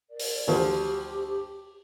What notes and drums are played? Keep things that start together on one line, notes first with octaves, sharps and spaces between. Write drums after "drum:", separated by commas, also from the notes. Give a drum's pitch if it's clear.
A#4 D5
drum: open hi-hat
D2 F3 G4